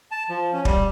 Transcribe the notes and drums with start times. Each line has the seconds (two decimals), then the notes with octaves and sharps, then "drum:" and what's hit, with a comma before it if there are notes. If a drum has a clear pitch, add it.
0.11 A5
0.29 F3
0.53 C#4
0.65 G3, drum: kick